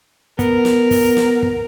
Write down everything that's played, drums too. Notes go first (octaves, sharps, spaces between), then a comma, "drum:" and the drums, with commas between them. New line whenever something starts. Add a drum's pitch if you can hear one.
B3 A#4, drum: kick, hi-hat
drum: snare
drum: kick, open hi-hat
drum: snare
drum: kick